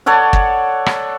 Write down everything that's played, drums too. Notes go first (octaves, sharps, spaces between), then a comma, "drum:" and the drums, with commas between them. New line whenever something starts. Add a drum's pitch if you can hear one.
A4 C#5 D5 F#5
drum: kick
drum: rim click